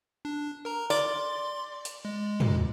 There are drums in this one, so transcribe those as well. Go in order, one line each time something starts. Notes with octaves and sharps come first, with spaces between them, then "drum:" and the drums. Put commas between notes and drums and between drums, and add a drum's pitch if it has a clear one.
D4
A#4 A#5
D5 C6, drum: tambourine
drum: hi-hat
G#3
drum: tom